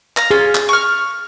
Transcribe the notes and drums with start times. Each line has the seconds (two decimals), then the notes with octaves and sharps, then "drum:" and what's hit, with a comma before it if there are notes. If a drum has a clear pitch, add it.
0.17 F5 A#5, drum: clap
0.31 C#4 F4 G#4
0.55 drum: clap
0.69 C#6 F6